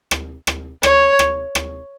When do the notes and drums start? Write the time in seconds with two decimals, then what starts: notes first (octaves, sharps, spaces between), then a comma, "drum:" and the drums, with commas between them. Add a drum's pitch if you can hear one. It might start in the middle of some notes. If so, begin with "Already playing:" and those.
0.11 drum: rim click
0.47 drum: rim click
0.83 C#5, drum: rim click
1.19 drum: rim click
1.55 drum: rim click